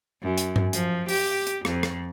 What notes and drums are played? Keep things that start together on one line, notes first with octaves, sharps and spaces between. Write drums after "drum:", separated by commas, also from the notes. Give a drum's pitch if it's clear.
F#2
drum: hi-hat
drum: tom G2
F3, drum: hi-hat
G4, drum: open hi-hat
drum: hi-hat
F2, drum: rim click
drum: rim click